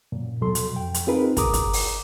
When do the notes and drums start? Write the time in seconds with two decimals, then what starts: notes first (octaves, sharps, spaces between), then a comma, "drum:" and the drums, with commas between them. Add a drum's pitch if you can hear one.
0.12 F#2 A#2
0.41 D#2 B2 F#3 A4 C6
0.55 drum: hi-hat
0.75 F2 G5
0.94 drum: hi-hat
1.07 C4 D#4 F4 G#4 A#4 B4
1.37 G#4 A#4 A#5 D6 D#6, drum: kick, hi-hat
1.54 drum: kick, hi-hat
1.73 drum: open hi-hat